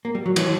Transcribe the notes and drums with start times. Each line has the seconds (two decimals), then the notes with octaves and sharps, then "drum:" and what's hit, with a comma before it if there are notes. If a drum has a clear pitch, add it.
0.05 A#3
0.15 G3
0.26 F#3
0.36 E3, drum: cymbal